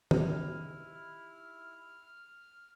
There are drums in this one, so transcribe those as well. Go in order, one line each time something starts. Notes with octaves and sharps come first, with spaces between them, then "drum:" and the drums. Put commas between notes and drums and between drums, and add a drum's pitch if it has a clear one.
D#4 E4 G4 F6 D#7, drum: tom